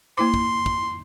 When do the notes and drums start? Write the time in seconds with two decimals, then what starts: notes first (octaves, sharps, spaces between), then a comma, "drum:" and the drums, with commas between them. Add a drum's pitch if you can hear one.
0.18 A#3 E4 C6 D6
0.34 drum: kick
0.66 drum: kick